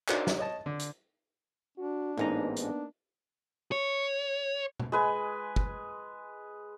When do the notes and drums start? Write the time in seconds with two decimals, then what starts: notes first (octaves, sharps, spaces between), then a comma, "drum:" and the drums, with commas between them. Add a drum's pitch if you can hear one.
0.08 D4 D#4 F#4 A#4 C5 C#5, drum: clap
0.27 drum: snare
0.38 C#5 D#5 A5
0.66 D3
0.79 drum: hi-hat
1.78 D4 F#4
2.18 A1 G#2 A#3 B3 D#4 A#5
2.56 D4, drum: hi-hat
3.72 C#5
4.80 drum: tom
4.92 G#3 B4 G#5
5.56 drum: kick